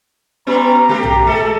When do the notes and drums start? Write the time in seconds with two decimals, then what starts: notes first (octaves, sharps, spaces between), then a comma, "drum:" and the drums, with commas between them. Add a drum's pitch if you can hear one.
0.47 G3 B3 C#4 A#5
0.89 A3 G4
1.03 drum: tom B1
1.27 G#3 A4